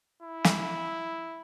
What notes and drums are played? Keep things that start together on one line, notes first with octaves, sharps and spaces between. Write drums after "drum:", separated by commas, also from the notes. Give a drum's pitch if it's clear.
E4
drum: snare